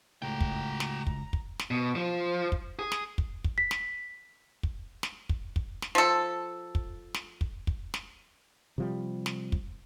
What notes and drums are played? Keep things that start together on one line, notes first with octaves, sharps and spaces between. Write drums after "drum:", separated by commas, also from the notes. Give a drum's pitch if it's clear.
C#2 A2 F#4 G5 A#5
drum: kick
drum: snare
drum: kick
drum: kick
drum: snare
B2
F3
drum: kick
G#4
drum: snare
drum: kick
drum: kick
B6
drum: snare
drum: kick
drum: snare
drum: kick
drum: kick
drum: snare
F3 A4
drum: kick
drum: snare
drum: kick
drum: kick
drum: snare
C3 F3 G3
drum: snare
drum: kick